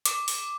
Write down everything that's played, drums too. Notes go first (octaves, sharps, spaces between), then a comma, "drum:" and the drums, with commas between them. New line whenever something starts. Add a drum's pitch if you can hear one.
D6, drum: hi-hat
drum: open hi-hat